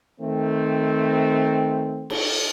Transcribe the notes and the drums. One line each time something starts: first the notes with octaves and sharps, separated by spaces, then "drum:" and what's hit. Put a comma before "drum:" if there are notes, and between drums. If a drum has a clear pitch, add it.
D#3 A3 C4
drum: cymbal